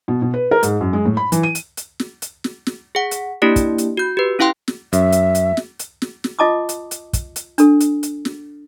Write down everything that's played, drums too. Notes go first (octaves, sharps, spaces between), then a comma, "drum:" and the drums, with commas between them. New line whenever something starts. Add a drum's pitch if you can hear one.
B2
B2
B4
A#4
G#2, drum: hi-hat
F#2
G#3
A2
B5
E3, drum: hi-hat
D#7
drum: hi-hat
drum: hi-hat
drum: snare
drum: hi-hat
drum: snare
drum: snare
G#4 F#5
drum: hi-hat
A#3 D4 E4 G4 D5
drum: kick, hi-hat
drum: hi-hat
F#4 G6
G4 B4
C#4 E4 F5 G5 C6
drum: snare
F#2 E5, drum: hi-hat
drum: hi-hat
drum: hi-hat
drum: snare
drum: hi-hat
drum: snare
drum: snare
F4 D#5 A5 D6 D#6
drum: hi-hat
drum: hi-hat
drum: kick, hi-hat
drum: hi-hat
D4 A4, drum: hi-hat
drum: hi-hat
drum: hi-hat
drum: snare